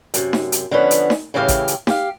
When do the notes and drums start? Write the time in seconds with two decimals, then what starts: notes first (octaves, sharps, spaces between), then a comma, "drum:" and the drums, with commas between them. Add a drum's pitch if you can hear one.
0.14 F#2 C3, drum: hi-hat
0.33 drum: snare D#4
0.52 drum: hi-hat
0.71 D3 F3 B3 C#4 B4
0.91 drum: hi-hat
1.10 drum: snare D#4
1.34 A2 C#3 E3 G4 D5 F5
1.48 drum: kick, hi-hat
1.68 drum: hi-hat
1.87 G4 F5, drum: snare D#4